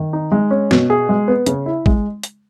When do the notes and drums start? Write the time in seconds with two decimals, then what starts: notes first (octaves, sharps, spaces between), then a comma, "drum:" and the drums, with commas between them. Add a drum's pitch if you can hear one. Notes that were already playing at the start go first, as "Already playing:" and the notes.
Already playing: D#3
0.13 D#4
0.32 G#3
0.51 C#4
0.71 B2, drum: snare
0.90 G#4
1.09 G#3
1.28 B3
1.46 C#3, drum: hi-hat
1.66 E4
1.86 G#3, drum: kick
2.23 drum: hi-hat